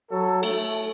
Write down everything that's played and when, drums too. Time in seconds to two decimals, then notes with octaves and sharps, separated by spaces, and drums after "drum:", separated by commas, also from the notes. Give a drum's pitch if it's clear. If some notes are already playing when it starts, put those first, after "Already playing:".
0.10 F#3 A4
0.43 A3, drum: cymbal